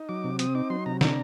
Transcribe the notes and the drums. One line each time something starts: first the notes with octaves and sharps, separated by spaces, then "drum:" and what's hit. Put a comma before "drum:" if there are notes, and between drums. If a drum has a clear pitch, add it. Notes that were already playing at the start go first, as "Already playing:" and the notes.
Already playing: D#4
F#3 D6
C3
C4 D#6, drum: hi-hat
D#4 D6
F#3 C6
C3 A#5
D4 A#5, drum: snare